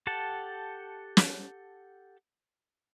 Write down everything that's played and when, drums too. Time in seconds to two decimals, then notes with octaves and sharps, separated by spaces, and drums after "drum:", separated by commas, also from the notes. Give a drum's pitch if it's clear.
0.07 G4 A4 F#5 A5
1.17 drum: snare